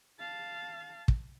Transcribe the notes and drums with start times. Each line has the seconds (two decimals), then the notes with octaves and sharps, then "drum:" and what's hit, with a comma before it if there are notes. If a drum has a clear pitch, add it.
0.19 F5 A5
1.08 drum: kick